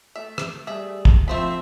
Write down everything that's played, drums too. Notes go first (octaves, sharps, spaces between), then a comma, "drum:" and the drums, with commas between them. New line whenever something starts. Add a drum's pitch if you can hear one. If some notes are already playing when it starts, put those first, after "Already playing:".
A3 E5
drum: rim click
G3 G#4 E5
drum: kick
F3 A3 C4 C5 E5 B5